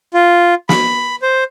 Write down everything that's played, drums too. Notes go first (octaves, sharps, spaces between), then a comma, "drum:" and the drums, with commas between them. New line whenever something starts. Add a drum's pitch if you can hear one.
F4
B5, drum: snare
C5